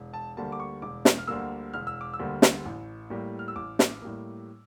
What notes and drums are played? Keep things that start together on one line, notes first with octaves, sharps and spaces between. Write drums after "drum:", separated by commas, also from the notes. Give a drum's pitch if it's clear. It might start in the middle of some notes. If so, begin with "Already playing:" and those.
Already playing: E1
A5
D2 D3 G3 A#3 A5
D6
C#6
E1 D6
drum: snare
F6
D2 D3 G3 A#3 E6
E1 F6
E6
D6
E6
D2 D3 G3 A#3
drum: snare
A1
A2 G3 A#3
F6
E6
A1 D6
drum: snare
A2 G3 A#3